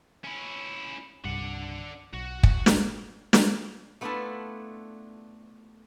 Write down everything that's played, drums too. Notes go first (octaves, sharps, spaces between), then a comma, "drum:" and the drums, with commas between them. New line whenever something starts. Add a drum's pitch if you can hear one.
C#4 E4
C2 G2 D4 F#5
B1 F#4
drum: kick
drum: snare
drum: snare
A3 B3 D4 E4 F4 A5